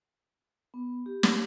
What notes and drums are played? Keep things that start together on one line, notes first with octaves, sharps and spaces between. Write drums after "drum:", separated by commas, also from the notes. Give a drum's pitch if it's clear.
B3
G4
drum: snare